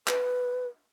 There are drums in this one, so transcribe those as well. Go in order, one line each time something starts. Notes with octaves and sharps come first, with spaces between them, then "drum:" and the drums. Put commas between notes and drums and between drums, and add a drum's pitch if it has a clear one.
B4, drum: clap